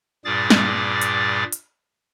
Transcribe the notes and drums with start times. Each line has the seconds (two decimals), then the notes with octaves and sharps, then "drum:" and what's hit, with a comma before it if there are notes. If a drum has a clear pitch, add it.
0.25 G2 A#2 G3 G#4 D6 A6
0.50 drum: snare
1.01 drum: hi-hat
1.53 drum: hi-hat